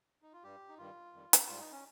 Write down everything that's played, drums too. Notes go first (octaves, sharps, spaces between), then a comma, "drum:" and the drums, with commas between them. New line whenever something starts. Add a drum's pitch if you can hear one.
D#4
F4
G2 G3 G4
D#4
G2 D#3 G3 F4
F2 D#3 G3
drum: hi-hat
G#2 G3 F4
D#4
C#4